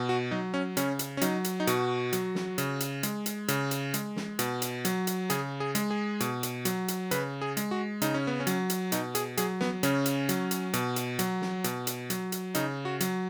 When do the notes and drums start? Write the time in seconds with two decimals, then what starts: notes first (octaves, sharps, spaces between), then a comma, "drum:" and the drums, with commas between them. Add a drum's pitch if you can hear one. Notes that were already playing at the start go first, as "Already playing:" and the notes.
Already playing: B2
0.09 F#4
0.31 F#3 D#4
0.54 C#4
0.77 C#3 C#4, drum: hi-hat
0.99 drum: hi-hat
1.17 C#4
1.21 F#3 D#4, drum: hi-hat
1.44 drum: hi-hat
1.60 D#4
1.67 B2 F#4, drum: hi-hat
2.13 F#3, drum: hi-hat
2.35 drum: snare
2.58 C#3, drum: hi-hat
2.80 drum: hi-hat
3.03 G#3, drum: hi-hat
3.26 drum: hi-hat
3.48 C#3, drum: hi-hat
3.71 drum: hi-hat
3.94 G#3, drum: hi-hat
4.16 drum: snare
4.39 B2, drum: hi-hat
4.62 drum: hi-hat
4.85 F#3, drum: hi-hat
5.07 drum: hi-hat
5.30 C#3 G#4, drum: hi-hat
5.60 G#4
5.75 G#3, drum: hi-hat
5.91 G#4
6.20 B2, drum: hi-hat
6.43 drum: hi-hat
6.65 F#3, drum: hi-hat
6.88 drum: hi-hat
7.11 C#3 B4, drum: hi-hat
7.42 G#4
7.57 G#3, drum: hi-hat
7.71 F#4
8.02 C#3 D#4, drum: hi-hat
8.14 C#4
8.27 B3
8.40 C#4
8.47 F#3, drum: hi-hat
8.70 drum: hi-hat
8.92 B2 D#4, drum: hi-hat
9.15 G#4, drum: hi-hat
9.37 F#3 G#4, drum: hi-hat
9.61 B3, drum: snare
9.83 C#3 C#4, drum: hi-hat
10.06 drum: hi-hat
10.29 F#3, drum: hi-hat
10.51 drum: hi-hat
10.73 B2, drum: hi-hat
10.96 drum: hi-hat
11.19 F#3, drum: hi-hat
11.42 drum: snare
11.64 B2, drum: hi-hat
11.87 drum: hi-hat
12.10 F#3, drum: hi-hat
12.32 drum: hi-hat
12.55 C#3 D#4, drum: hi-hat
12.85 F#4
13.00 F#3, drum: hi-hat